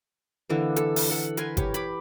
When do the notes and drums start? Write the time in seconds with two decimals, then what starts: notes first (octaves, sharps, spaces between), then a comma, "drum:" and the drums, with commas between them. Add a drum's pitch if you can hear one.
0.50 D3 E3 A#3
0.76 A4, drum: hi-hat
0.96 drum: open hi-hat
1.11 A4 F#5
1.37 A#4 B4 G#5 C6, drum: hi-hat
1.57 G4 C#5, drum: kick G1, hi-hat
1.74 B5 D6, drum: hi-hat